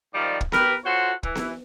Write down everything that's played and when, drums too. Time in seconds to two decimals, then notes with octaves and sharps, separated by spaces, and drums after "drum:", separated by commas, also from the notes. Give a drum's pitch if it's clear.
0.14 G#2 D#3 F3 G3 D5
0.41 drum: kick
0.52 G4 A#4 B4, drum: snare B3
0.84 F4 F#4 A4 C5 C#5 F#5
1.23 E3, drum: kick
1.35 drum: snare B3